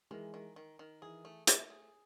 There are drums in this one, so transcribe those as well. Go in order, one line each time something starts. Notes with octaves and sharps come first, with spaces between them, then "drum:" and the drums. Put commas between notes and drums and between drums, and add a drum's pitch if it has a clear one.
D#3 E3 G#3
D#3
D#3
D#3
E3 G#4
A3
A3, drum: hi-hat
G#4